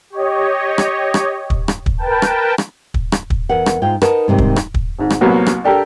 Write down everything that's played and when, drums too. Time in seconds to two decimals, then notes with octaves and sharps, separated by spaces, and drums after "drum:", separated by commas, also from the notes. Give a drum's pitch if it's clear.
0.10 G4 C#5 D#5
0.78 drum: rim click
1.14 drum: rim click
1.50 drum: kick
1.68 drum: rim click
1.86 drum: kick
1.97 A#4 B4 G5 A5
2.22 drum: rim click
2.58 drum: rim click
2.94 drum: kick
3.12 drum: rim click
3.30 drum: kick
3.49 E2 A#4 F#5
3.66 drum: rim click
3.82 G#2 F4 G5
4.02 D#4 A#4 B4 D#5 F#5 A5, drum: rim click
4.28 G#2 C3 D#3 G3 C4
4.38 drum: kick
4.56 drum: rim click
4.74 drum: kick
4.99 G#1 G#2
5.10 drum: rim click
5.21 C2 F#3 A#3 B3 F#4
5.46 drum: rim click
5.64 D4 G4 A4 A#4